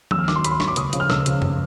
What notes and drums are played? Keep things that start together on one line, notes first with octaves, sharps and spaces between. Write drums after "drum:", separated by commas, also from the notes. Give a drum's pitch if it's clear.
D#2 E6, drum: tom F3
F6
D#3 F#3 D6, drum: snare
C6
D#2 B5, drum: hi-hat
C6
D#3 F#3 C#6, drum: snare
D6
C#2 D#6, drum: hi-hat
C#3 F3, drum: hi-hat
F6
C#2 E6, drum: snare
C#3 F3, drum: hi-hat
drum: tom F#2